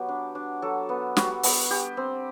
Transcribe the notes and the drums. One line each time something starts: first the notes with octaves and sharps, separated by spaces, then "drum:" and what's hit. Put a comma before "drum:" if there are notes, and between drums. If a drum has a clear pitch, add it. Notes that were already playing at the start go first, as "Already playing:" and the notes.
Already playing: F#3 B3 G4
D4
D4
F#3 A4
B3
G3 F#4, drum: snare
B3, drum: open hi-hat
G3 G4
C4